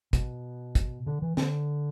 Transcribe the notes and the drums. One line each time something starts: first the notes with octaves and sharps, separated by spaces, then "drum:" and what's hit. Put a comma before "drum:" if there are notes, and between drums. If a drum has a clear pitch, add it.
B2, drum: kick, hi-hat
drum: kick, hi-hat
D3
E3
D3, drum: snare